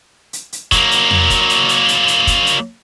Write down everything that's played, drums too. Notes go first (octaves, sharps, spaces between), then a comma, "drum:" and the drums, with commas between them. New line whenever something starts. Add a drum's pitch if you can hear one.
drum: hi-hat
drum: hi-hat
F#3 A#3, drum: kick, hi-hat
drum: hi-hat
drum: tom E2
drum: kick, hi-hat
drum: hi-hat
drum: hi-hat
drum: hi-hat
drum: hi-hat
drum: kick, hi-hat
drum: hi-hat